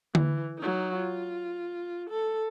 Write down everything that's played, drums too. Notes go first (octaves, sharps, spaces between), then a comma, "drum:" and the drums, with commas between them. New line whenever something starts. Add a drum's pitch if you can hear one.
E3, drum: tom D3
F#3 D#4
F4
A4